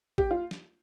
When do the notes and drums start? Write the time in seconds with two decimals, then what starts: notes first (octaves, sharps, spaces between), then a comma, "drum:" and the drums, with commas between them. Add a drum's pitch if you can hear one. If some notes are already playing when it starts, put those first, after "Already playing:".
0.18 G4, drum: kick A1
0.31 F4
0.51 drum: snare